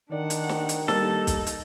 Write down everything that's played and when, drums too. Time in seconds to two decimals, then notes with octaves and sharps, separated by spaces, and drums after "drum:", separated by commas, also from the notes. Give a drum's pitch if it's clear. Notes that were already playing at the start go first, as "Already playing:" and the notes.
0.12 D#3 D4 D5 F#5
0.30 drum: hi-hat
0.49 drum: snare
0.69 drum: hi-hat
0.88 G3 A#3 D#4 A4, drum: snare
1.27 drum: kick, hi-hat
1.47 drum: hi-hat